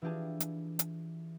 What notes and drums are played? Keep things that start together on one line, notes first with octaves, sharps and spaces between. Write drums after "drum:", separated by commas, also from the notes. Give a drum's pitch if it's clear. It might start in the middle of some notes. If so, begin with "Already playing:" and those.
E3 D4 F4 G4 G#4 A5
drum: hi-hat
drum: hi-hat